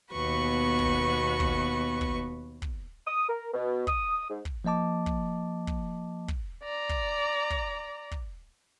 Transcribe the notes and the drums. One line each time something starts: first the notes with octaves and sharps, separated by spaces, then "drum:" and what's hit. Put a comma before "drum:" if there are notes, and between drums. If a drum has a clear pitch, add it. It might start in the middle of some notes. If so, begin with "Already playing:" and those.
D#2 B2 B3 F#4 B4 C#6
drum: kick
drum: kick
drum: kick
drum: kick
D#6
A#4
B2
D#6, drum: kick
G#2
drum: kick
F3 A#3 D#5 A5 D6
drum: kick
drum: kick
drum: kick
D5 A#5
drum: kick
drum: kick
drum: kick